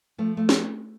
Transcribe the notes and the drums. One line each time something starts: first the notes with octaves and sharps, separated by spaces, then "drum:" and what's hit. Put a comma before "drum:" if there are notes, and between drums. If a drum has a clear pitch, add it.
F3 A3
A3
drum: snare